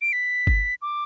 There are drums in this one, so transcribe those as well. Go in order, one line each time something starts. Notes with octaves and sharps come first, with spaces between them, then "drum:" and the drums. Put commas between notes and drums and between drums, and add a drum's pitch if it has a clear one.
D7
B6
drum: kick G1
D6